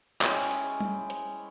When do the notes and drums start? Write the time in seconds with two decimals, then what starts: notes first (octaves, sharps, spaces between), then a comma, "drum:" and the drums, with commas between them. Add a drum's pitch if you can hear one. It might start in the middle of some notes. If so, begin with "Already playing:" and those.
0.21 G#3 C#4 E4 G5, drum: clap
0.51 drum: hi-hat
0.80 drum: tom G3
1.10 drum: hi-hat